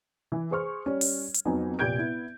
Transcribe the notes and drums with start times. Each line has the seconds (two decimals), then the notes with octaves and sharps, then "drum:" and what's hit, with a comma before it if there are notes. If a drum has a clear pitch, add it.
0.32 E3
0.51 G#4 C5 C#6 F6
0.86 G3 C#4
1.01 drum: open hi-hat
1.34 drum: hi-hat
1.45 F2 F#3 B3 D#4 G#5
1.79 F1 A#2 G4 G6 G#6 D7
1.98 B3 E4